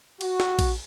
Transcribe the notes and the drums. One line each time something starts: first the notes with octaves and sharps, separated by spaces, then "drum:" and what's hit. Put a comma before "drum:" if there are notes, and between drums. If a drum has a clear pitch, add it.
F#4, drum: cymbal
drum: snare
drum: kick, cymbal